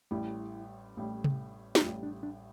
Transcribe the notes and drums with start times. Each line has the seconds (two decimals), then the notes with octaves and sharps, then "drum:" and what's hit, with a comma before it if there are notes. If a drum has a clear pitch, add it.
0.11 A1 A2 G3 E4
0.97 A1 A2 G3
1.24 drum: tom C3
1.75 G4, drum: snare
1.81 A1 A2 G3 F4
2.03 D4
2.23 D4